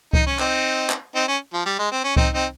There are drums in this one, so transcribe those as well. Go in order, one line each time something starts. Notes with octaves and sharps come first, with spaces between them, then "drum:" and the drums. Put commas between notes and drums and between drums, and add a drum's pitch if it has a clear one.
D#4, drum: kick C2
C#4
C4 D#4, drum: clap
drum: clap
C4 D#4
C#4
F3
G3
G#3
C4
C#4
C4 D#4, drum: kick C2
C4 D#4